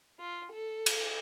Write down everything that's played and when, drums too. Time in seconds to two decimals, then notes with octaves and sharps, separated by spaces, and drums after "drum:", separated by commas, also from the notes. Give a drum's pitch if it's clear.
0.20 F4
0.52 A4
0.86 drum: cymbal